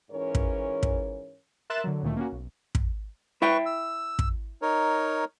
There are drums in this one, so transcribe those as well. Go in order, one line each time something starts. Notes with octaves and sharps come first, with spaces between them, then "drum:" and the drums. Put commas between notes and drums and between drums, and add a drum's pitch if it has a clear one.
G#2 E3 C#4 A#4 C#5
drum: kick
drum: kick
A#4 E5 C6 F#6 A6 E7
D3 F#3
D2 A#2 D#3 A3
A#3 C#4 F#4
B1
drum: kick
E4 B4 E5 G5 C#6
E6
drum: kick
D#4 A#4 C#5